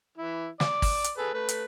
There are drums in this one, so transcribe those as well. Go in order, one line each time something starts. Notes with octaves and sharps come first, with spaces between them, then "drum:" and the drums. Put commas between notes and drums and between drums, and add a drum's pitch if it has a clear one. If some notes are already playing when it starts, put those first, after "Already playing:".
E3 E4
D5, drum: snare
drum: kick, open hi-hat
drum: hi-hat
G#4 A4 B4
A3 B4
drum: hi-hat